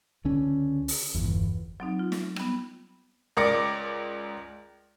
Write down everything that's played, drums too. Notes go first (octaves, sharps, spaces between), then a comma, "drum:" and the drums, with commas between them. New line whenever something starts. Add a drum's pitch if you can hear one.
C#2 D3 C#4
drum: open hi-hat
G1 E2
drum: kick
F#3 C4 D#4
F4
drum: snare
G3 B3, drum: rim click
C#2 A#4 D5 D6 A#6 C#7